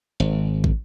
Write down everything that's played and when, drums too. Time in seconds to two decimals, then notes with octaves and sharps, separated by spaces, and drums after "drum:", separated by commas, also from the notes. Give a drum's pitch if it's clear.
0.20 G#1
0.64 drum: kick